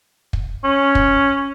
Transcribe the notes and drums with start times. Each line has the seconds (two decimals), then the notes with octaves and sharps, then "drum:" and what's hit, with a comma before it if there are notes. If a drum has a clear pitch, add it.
0.33 drum: kick
0.64 C#4
0.95 drum: kick